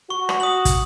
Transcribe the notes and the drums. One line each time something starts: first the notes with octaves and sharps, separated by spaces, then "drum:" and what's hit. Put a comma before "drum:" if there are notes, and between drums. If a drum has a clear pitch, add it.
F#4 C#6
drum: rim click
D#6 F#7
drum: kick, hi-hat